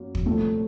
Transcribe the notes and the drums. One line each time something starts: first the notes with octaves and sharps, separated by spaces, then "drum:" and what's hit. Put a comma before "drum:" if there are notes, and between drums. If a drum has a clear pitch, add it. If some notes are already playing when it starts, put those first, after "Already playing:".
Already playing: F#2 A#3
drum: kick
C2 A#2 F3 A3 C4